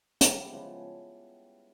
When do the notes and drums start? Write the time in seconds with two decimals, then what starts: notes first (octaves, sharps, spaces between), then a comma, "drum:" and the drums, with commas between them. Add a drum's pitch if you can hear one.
0.21 G3 B3 E4, drum: hi-hat
0.49 C#3 F3 G#3